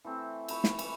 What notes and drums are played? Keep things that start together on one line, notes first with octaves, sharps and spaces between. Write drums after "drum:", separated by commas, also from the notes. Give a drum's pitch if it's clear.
E3 A3 C4
B4 B5 C#6, drum: cymbal
drum: snare
E3 C#6, drum: cymbal